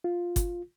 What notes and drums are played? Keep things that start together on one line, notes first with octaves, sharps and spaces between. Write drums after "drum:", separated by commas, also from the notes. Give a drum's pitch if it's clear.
F4
drum: kick G1, hi-hat